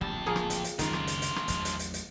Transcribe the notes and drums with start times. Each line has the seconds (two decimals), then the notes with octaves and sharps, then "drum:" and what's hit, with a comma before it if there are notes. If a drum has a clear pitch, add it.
0.01 D1 A#1 F2 G3 A5
0.26 F3 A#3 G#4
0.36 drum: rim click
0.50 drum: hi-hat
0.64 drum: hi-hat
0.79 F#1 C#2 D#3 C#4 D4 F4, drum: hi-hat
0.93 drum: rim click
1.07 drum: hi-hat
1.22 drum: hi-hat
1.36 drum: rim click
1.48 A1 E2 F#3, drum: hi-hat
1.65 drum: hi-hat
1.79 drum: hi-hat
1.94 drum: hi-hat